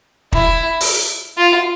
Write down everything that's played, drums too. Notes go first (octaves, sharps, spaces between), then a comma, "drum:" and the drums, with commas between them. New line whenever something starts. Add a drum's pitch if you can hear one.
E4, drum: kick
drum: open hi-hat
F4